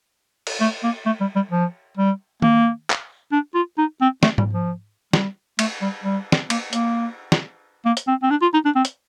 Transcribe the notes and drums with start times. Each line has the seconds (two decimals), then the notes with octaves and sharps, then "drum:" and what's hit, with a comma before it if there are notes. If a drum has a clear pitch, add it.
0.47 drum: cymbal
0.61 A3
0.83 A#3
1.06 A3
1.21 G3
1.36 G3
1.51 F3
1.97 G3
2.42 A#3, drum: tom D#3
2.90 drum: clap
3.32 D4
3.55 F4
3.78 D#4
4.01 C4
4.23 A3, drum: snare
4.38 G3, drum: tom G#2
4.53 F3
5.13 G3, drum: snare
5.59 A3, drum: cymbal
5.82 G3
6.04 G3
6.32 drum: snare
6.50 A#3, drum: cymbal
6.73 A#3, drum: hi-hat
7.32 drum: snare
7.85 A#3
7.97 drum: hi-hat
8.07 C4
8.23 C4
8.31 D4
8.42 F4
8.54 D#4
8.65 D4
8.75 C4
8.85 drum: hi-hat